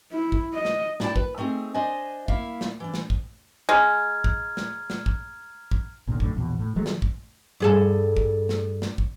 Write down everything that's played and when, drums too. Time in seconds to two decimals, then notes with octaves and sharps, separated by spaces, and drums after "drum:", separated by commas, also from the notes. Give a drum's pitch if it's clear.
0.12 E4
0.32 drum: kick
0.54 D#5
0.65 drum: snare
1.00 D4 E4 D5 E5 G5 A5, drum: snare
1.16 B4, drum: kick
1.38 A3 C4 D#4 G#4
1.74 D4 C5 D#5 G#5
2.28 A#3 E4 E5 F5, drum: kick
2.61 drum: snare
2.80 E3 D4
2.94 drum: snare
3.10 drum: kick
3.69 G#3 A#5 F6 G#6
4.24 drum: kick
4.57 drum: snare
4.90 drum: snare
5.06 drum: kick
5.71 drum: kick
6.07 B1 A#2 D3
6.20 F#2 A2 D3, drum: kick
6.35 A#1 E2 B2
6.59 A2
6.76 D#3 F#3 G#3 A3
6.86 drum: snare
7.02 drum: kick
7.60 G2 G#4 A4
8.17 drum: kick
8.49 drum: snare
8.82 drum: snare
8.98 drum: kick